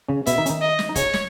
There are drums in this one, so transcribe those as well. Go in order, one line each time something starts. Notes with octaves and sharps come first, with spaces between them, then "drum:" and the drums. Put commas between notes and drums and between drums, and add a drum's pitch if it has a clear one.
C#3 C#4
B2 B3 E5, drum: hi-hat
D#3 D#4
C#4, drum: hi-hat
D#3 D#4
D#5
drum: snare
D#4
C#3 C#4 C#5, drum: kick, hi-hat
drum: snare